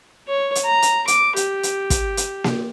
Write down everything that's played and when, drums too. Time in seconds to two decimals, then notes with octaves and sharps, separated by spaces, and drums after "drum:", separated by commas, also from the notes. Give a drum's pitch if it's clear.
0.28 C#5
0.55 drum: hi-hat
0.65 A#5
0.82 drum: hi-hat
1.08 D6, drum: hi-hat
1.36 G4, drum: hi-hat
1.63 drum: hi-hat
1.90 drum: kick, hi-hat
2.17 drum: hi-hat
2.44 drum: snare A#3